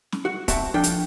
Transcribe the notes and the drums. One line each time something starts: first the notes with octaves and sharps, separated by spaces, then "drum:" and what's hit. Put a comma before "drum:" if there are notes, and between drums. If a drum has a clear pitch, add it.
drum: snare
F#4
C4 F#4 E5 A5, drum: kick, hi-hat
F3 D4 F4 A4 G5
drum: hi-hat